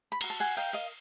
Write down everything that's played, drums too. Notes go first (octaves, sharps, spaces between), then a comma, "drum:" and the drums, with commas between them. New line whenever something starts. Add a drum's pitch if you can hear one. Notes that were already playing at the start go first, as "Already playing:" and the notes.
B5
F#4 A#5, drum: cymbal
A5
F#5 G#5
A#4 D#5 F5 G5
D#5 F5